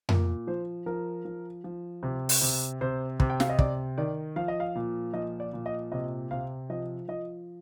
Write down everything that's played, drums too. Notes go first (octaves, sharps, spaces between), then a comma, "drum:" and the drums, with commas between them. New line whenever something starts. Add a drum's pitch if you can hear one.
A#2 A#4, drum: tom F2
F3 C5
F3 A#4
F3
F3
C3
drum: open hi-hat
C3
C3 C5
C3, drum: kick
G5
F5, drum: snare
D#5
C3 D5, drum: kick
D#3 D5
F3 F5
D#5
F5
A#2
F3 D#5
D5
A#2
D#5
C3 D#5
C3 F5
F3 D#5
F3 D#5